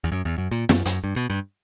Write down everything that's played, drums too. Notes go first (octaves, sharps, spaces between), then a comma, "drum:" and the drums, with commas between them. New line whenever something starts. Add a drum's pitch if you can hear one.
E2
F#2
E2
F#2
A#2
F#2, drum: snare
F#2, drum: hi-hat
G2
B2
G2